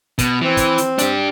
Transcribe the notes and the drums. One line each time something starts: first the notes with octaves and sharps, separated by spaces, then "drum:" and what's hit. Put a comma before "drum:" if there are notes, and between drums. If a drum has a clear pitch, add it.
B2, drum: kick, hi-hat
E3 C4
drum: kick, hi-hat
drum: hi-hat
D4 G4, drum: hi-hat